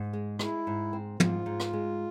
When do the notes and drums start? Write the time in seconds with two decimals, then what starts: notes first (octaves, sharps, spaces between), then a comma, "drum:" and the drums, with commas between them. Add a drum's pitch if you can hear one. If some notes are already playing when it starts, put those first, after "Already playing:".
Already playing: G#2
0.13 G#3
0.39 G#3 E4, drum: rim click
0.67 G#2
0.93 C4
1.20 G#2 F4, drum: tom
1.46 G#2
1.60 drum: rim click
1.73 G#3